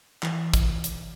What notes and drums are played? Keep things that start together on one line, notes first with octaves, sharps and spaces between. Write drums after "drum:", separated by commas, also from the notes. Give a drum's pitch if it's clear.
E3, drum: clap
drum: kick, hi-hat
drum: hi-hat